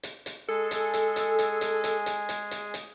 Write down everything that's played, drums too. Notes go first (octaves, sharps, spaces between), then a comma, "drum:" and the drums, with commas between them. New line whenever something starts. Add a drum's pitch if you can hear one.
drum: hi-hat
drum: hi-hat
G#3 G#4 A4 G#5
drum: hi-hat
drum: hi-hat
drum: hi-hat
drum: hi-hat
drum: hi-hat
drum: hi-hat
drum: hi-hat
drum: hi-hat
drum: hi-hat
drum: hi-hat